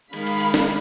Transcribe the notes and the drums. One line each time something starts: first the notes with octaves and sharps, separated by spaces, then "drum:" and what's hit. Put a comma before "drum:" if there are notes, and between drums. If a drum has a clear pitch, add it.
D#3 G#3 F5 B5, drum: cymbal
drum: cymbal
drum: cymbal
drum: snare